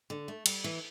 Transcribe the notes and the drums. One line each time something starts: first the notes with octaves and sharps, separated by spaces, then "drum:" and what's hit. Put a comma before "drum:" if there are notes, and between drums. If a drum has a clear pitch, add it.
D3
A3
G3, drum: cymbal
E3